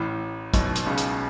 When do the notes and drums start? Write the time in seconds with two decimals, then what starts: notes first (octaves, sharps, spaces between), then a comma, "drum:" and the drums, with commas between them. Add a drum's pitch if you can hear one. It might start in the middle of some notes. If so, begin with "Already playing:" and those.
Already playing: A1 A2
0.54 B1 B2, drum: kick, hi-hat
0.76 drum: hi-hat
0.86 C#2 C#3
0.98 drum: hi-hat